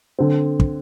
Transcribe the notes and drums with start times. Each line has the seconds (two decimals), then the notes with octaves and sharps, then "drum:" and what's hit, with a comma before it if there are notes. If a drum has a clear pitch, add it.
0.19 D3 C4
0.60 drum: kick